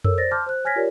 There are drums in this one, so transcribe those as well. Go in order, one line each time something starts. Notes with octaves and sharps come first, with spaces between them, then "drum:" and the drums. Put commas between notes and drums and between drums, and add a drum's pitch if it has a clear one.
A4 A#4 C#5 E6, drum: tom F2
C5 D5 A6 A#6
A5 C6 D6 F6 G6
C5 F#6
C#5 G#5 F6 G#6 A#6 B6
F4 G4 A#4 C#5 D5